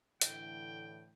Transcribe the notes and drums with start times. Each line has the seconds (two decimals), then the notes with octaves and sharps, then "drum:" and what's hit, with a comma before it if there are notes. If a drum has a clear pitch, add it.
0.21 A2 D3 E3 G5, drum: hi-hat